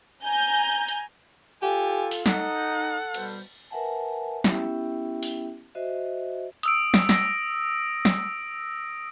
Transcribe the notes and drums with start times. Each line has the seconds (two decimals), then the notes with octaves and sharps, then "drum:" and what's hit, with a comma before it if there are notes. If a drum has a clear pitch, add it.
0.23 G#5 A#5 G6
0.89 drum: hi-hat
1.62 F4 G4 A4 G#5
2.11 drum: open hi-hat
2.26 D#4 A4 F#5, drum: snare
3.14 B2 G3 C5, drum: cymbal
3.71 A#4 B4 E5 F#5 G#5 A5
4.44 B3 C#4 E4 G4 E5 G5, drum: snare
5.23 drum: open hi-hat
5.75 F#4 C5 D#5 E5
6.63 D#6 E6 D7, drum: hi-hat
6.94 drum: snare
7.09 A#6, drum: snare
8.05 drum: snare